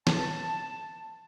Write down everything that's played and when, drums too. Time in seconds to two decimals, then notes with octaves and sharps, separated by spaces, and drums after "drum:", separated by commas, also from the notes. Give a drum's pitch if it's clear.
0.07 A5, drum: snare